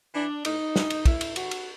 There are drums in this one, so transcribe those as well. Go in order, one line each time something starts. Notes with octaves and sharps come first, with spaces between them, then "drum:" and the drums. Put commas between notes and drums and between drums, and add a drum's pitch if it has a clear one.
E3 D4
A2 D#4, drum: cymbal
E3, drum: snare
drum: cymbal
A2 E4, drum: kick, cymbal
drum: cymbal
E3 F#4, drum: cymbal
drum: cymbal